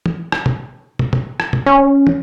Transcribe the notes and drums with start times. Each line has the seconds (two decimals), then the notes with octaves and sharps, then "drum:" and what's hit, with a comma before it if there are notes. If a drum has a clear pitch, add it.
0.06 drum: tom
0.32 drum: rim click
0.46 drum: tom
0.99 drum: tom
1.13 drum: tom
1.40 drum: rim click
1.53 drum: tom
1.66 C#4
2.07 drum: tom